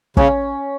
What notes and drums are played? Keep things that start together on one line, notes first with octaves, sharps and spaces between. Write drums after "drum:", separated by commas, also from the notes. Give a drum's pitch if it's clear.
C#3 C#4, drum: kick